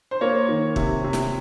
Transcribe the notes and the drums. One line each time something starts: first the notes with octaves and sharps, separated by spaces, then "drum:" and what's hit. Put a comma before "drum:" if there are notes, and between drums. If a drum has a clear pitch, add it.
C5
A#3 C#5
D#3
C3, drum: kick
C3
drum: snare